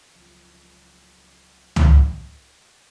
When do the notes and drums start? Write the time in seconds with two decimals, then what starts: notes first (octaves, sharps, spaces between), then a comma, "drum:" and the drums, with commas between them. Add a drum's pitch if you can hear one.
0.14 C#2 F#2 F3
1.76 drum: tom C#2